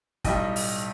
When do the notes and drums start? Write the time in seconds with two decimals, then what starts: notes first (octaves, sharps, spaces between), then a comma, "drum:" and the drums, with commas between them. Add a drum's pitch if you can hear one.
0.24 B1 A2 G3 D#5, drum: kick, hi-hat
0.56 drum: open hi-hat